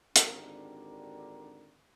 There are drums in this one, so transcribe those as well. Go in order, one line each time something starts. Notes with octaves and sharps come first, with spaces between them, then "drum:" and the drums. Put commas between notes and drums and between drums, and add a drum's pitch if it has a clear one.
G#1 D3 D4 G4 A#4, drum: hi-hat